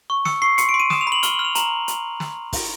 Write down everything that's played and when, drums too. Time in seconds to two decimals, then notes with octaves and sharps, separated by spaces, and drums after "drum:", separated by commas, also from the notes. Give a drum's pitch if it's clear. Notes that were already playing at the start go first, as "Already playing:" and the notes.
0.10 C#6
0.25 E6 C#7, drum: snare
0.42 C#6 C7
0.58 C6 C#7, drum: hi-hat
0.69 D7
0.74 C6
0.80 D#7
0.90 D#6 E7, drum: snare
1.01 F7
1.07 B5 F#7
1.23 F6 G7, drum: hi-hat
1.34 F#7
1.39 F6
1.45 F7
1.55 A#5 F#7, drum: hi-hat
1.88 drum: hi-hat
2.20 drum: snare
2.53 drum: kick, open hi-hat